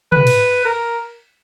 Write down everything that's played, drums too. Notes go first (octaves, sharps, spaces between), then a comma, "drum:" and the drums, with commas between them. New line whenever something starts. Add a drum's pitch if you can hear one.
B4, drum: tom
drum: cymbal
A#4